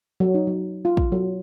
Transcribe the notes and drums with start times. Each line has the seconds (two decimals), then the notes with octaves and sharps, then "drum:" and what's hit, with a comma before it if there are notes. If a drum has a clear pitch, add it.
0.20 F#3
0.34 D#4
0.47 F#3
0.85 F4
0.97 drum: kick
1.12 F#3